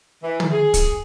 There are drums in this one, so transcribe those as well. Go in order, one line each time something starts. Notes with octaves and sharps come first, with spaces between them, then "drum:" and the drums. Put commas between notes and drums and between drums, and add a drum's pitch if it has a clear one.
E3
drum: tom
G#4
drum: kick, hi-hat